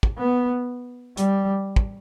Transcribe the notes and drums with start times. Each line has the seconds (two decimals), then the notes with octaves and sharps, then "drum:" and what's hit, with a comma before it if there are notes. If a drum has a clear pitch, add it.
0.03 drum: kick
0.18 B3
1.17 G3, drum: hi-hat
1.76 drum: kick